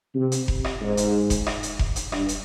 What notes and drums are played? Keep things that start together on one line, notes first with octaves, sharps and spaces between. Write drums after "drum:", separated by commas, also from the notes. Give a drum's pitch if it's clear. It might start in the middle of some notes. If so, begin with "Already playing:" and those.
C3
drum: hi-hat
drum: kick F1
drum: rim click
G#2
drum: hi-hat
drum: kick F1, hi-hat
drum: rim click
drum: hi-hat
drum: kick F1
drum: hi-hat
G2, drum: rim click
drum: hi-hat